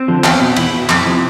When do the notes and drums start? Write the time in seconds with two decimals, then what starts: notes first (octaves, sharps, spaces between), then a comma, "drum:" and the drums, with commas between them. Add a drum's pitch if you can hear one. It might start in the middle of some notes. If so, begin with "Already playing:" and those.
Already playing: C4
0.08 D3 F3
0.24 E2, drum: clap
0.41 B2
0.56 E2 E4, drum: cymbal
0.73 B2
0.89 F2, drum: clap
1.06 C3 F3